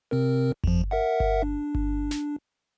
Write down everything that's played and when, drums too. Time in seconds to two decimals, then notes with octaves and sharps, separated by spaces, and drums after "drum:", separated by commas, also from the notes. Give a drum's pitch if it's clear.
0.11 C3 C4 A#4
0.64 F2 F3, drum: kick G1
0.91 A#4 E5 F#5
1.20 drum: kick G1
1.43 D4
1.75 drum: kick G1
2.11 drum: snare